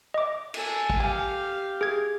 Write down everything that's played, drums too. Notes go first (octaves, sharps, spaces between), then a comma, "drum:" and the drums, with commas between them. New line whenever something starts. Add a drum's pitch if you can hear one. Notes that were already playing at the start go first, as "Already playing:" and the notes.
D#5 D6
A4 G#5, drum: cymbal
drum: kick
G4 F5 G#5
G#4 G#6